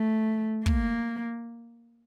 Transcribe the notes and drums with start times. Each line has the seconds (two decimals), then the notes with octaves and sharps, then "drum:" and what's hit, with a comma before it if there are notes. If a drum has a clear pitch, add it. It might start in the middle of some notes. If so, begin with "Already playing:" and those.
Already playing: A3
0.66 A#3, drum: kick